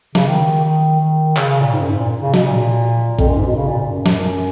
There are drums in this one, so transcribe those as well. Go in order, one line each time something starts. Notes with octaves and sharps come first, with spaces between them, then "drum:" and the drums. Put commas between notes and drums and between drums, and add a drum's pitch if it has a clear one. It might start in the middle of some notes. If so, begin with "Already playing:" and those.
C#3, drum: snare
D#3
D#3
D#3
C#3, drum: clap
C#3
A#2
G#2
F#2
G#2
A#2
C#3
B2, drum: snare
A#2
F2, drum: kick
F#2
G#2
B2
C#3
A#2
A#2
F#2
drum: snare